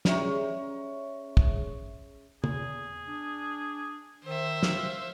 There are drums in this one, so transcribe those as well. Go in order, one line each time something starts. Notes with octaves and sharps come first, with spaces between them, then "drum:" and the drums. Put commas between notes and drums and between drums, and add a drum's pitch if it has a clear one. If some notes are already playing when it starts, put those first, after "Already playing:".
C#4 G#4 C#5 E5 C#6, drum: snare
drum: kick
E2 G#4, drum: tom
D4
D#3 C5 E5
F5, drum: snare